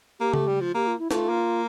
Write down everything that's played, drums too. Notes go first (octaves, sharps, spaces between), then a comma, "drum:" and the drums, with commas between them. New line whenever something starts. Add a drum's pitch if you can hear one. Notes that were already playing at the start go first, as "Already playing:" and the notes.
A#3 G4
A3, drum: tom C#3
G3
F3
A#3 G4
F4
E4
A3 F4, drum: snare
A#3